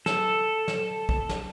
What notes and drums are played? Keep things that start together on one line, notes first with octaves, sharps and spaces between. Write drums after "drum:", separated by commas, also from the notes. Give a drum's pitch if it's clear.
A4, drum: snare
drum: snare
drum: kick A#1
drum: snare